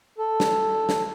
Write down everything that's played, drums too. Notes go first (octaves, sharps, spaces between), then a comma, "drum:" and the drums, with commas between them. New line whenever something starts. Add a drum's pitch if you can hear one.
A4
drum: snare
drum: snare